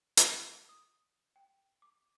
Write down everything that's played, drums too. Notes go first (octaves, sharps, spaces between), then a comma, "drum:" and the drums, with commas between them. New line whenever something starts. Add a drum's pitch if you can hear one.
D5, drum: hi-hat
D#6
G5
D6